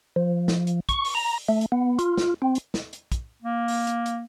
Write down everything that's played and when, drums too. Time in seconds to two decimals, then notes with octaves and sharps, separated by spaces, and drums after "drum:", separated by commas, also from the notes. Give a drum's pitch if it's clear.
0.16 F3
0.48 drum: snare
0.67 drum: hi-hat
0.89 C#6, drum: kick, hi-hat
1.05 drum: open hi-hat
1.15 A#5
1.49 A3
1.61 drum: hi-hat
1.72 B3
1.99 F4, drum: hi-hat
2.17 drum: snare
2.42 C4
2.55 drum: hi-hat
2.74 drum: snare
2.93 drum: hi-hat
3.12 drum: kick, hi-hat
3.42 A#3
3.68 drum: open hi-hat
3.87 drum: hi-hat
4.06 drum: hi-hat